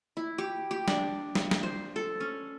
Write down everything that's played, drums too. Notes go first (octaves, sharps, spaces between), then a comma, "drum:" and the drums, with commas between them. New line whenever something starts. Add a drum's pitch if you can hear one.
E4
G4
G4
D4, drum: snare
drum: snare
drum: snare
C5
A4
C#4